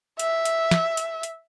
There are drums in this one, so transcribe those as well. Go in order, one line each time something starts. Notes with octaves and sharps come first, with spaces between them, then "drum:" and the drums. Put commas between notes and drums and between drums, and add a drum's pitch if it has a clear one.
E5, drum: hi-hat
drum: hi-hat
drum: snare
drum: hi-hat
drum: hi-hat